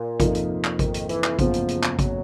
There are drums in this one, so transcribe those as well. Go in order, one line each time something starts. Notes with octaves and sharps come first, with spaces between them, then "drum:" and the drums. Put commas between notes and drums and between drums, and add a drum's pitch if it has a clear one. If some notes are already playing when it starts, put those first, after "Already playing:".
Already playing: A#2
F2 C3 F3 A#3 D#4, drum: kick A1, hi-hat
drum: hi-hat
drum: clap
D#3, drum: kick A1, hi-hat
drum: hi-hat
E3, drum: hi-hat
drum: clap
F#1 E2 C#3 F3, drum: kick A1, hi-hat
drum: hi-hat
drum: hi-hat
drum: clap
F#3, drum: kick A1, hi-hat